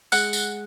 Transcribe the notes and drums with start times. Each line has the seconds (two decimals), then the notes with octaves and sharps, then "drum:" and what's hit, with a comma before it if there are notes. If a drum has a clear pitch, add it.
0.12 G#3 F#5, drum: tambourine
0.33 drum: tambourine